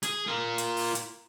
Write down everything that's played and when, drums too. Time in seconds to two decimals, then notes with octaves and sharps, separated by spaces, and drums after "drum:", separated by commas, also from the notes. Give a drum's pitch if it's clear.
0.03 G#4, drum: hi-hat
0.27 F4 A#4
0.58 drum: hi-hat
0.77 drum: open hi-hat
0.95 drum: hi-hat